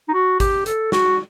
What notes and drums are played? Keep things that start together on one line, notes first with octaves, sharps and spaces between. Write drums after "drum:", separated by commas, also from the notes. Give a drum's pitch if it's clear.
D#4
F#4
G4, drum: kick, hi-hat
A4, drum: hi-hat
F#4, drum: snare